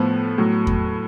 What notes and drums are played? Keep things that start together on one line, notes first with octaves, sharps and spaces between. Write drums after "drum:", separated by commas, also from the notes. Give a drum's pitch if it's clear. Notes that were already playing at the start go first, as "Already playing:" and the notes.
Already playing: A2 F3 B3
A2 F#3
drum: kick E2